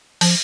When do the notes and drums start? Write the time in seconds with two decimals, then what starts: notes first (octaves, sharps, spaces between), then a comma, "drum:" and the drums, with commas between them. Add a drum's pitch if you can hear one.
0.21 F3, drum: open hi-hat